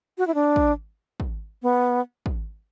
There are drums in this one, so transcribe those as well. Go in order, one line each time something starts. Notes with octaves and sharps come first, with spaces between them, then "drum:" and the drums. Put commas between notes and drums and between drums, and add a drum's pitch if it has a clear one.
F#4
E4
D4
drum: kick
drum: kick
B3
drum: kick